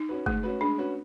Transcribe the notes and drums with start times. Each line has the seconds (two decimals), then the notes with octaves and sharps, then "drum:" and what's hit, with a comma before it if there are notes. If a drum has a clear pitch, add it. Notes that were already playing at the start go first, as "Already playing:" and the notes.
Already playing: D#4
0.09 C#4 F#4 B4
0.26 G#3 A3, drum: kick G1
0.43 C#4 F#4 B4
0.61 G#3 D4
0.78 C#4 F#4 B4